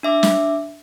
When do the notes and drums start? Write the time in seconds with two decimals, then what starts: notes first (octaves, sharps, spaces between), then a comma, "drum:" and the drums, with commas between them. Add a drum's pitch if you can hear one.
0.03 D4 E5 D6
0.23 drum: snare